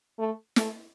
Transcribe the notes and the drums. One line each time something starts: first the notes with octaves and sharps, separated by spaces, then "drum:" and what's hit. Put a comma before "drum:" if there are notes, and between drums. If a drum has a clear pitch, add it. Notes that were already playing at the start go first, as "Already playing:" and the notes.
A3
A3, drum: snare